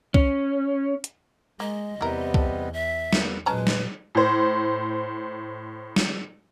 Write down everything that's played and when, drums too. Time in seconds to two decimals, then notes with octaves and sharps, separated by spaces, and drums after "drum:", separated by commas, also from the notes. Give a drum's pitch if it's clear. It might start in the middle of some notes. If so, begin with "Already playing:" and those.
0.14 C#4, drum: kick C2
1.04 drum: hi-hat
1.60 G#3 A#3 D#5
2.01 E2 C3 G3 B3 E4 A#4
2.34 A4, drum: kick C2
2.73 E5
3.13 A#3 B3, drum: snare
3.46 A#2 F#3 G#3 C#4 B4 A5 A#5
3.67 drum: snare
4.15 A2 C5
5.96 drum: snare